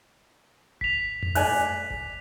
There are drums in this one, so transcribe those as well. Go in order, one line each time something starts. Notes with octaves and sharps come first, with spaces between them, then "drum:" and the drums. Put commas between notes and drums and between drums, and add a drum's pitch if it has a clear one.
B6 F7, drum: kick G#1
drum: tom F2
D5 G#5 F#6, drum: open hi-hat
drum: kick G#1